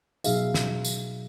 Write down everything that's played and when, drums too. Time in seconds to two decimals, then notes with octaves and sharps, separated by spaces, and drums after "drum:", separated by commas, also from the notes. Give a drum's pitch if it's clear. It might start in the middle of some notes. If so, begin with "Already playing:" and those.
0.24 B2 F#3 D#4 G#4 E5 F5, drum: tambourine
0.54 drum: snare
0.84 drum: tambourine